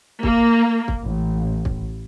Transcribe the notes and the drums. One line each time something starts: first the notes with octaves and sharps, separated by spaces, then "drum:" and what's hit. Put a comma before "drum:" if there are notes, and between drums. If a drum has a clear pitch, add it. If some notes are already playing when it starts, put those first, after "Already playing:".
A#3, drum: kick
drum: kick
A1
drum: kick